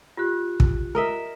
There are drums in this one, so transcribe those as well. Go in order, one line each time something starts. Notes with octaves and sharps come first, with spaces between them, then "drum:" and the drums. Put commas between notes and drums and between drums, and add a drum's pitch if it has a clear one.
F4 G4 F#6
drum: kick
A#4 D#5 E5